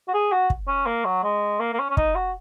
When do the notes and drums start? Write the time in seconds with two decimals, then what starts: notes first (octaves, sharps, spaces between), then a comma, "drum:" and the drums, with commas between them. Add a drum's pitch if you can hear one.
0.08 F#4
0.14 G#4
0.32 F#4
0.50 drum: kick
0.68 C#4
0.86 A#3
1.05 F#3
1.24 G#3
1.60 A#3
1.73 A#3
1.79 C#4
1.90 C#4
1.97 D#4, drum: kick
2.15 F#4